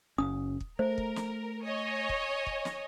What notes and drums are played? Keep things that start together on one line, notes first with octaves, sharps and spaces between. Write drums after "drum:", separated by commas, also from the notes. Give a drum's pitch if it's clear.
F#1 C#4 D#6
drum: kick
A3 A#4 C5
drum: kick
drum: snare
C#5 D#5 G#5
drum: kick
drum: kick
drum: snare